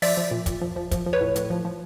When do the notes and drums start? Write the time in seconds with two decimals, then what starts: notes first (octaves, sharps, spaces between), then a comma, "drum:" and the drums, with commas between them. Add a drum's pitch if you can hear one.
0.02 F3 D5 E5, drum: open hi-hat
0.17 F3
0.31 A#2
0.46 A#2, drum: kick, hi-hat
0.62 F3
0.76 F3
0.91 F3, drum: kick, hi-hat
1.06 F3
1.13 B4 C#5
1.21 A2
1.36 A2, drum: hi-hat
1.50 F3
1.65 F3